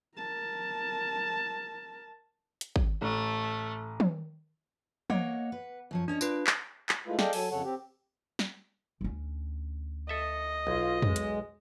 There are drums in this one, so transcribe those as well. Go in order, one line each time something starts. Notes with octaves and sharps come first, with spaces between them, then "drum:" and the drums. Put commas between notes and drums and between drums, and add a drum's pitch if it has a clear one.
A#4 A5
drum: hi-hat
drum: kick G#1
A1 A3
drum: tom
A#3 C#5 D#5 F#5, drum: tom
B4
F#2 F3 C#5
C#4 D4 C#5 D#5
F4 A#4 B4 D5, drum: tambourine
drum: clap
drum: clap
G#3 A3 E4 F4 B4
G#4 A4 D5 D#5 F5 G5, drum: snare
F#3 A4 G#5, drum: open hi-hat
F2 C#3 A4 C#5 F#5
C4 G4
drum: snare
D2 C#4
A4 D#5 E5
B1 F4
G#3, drum: tom
drum: hi-hat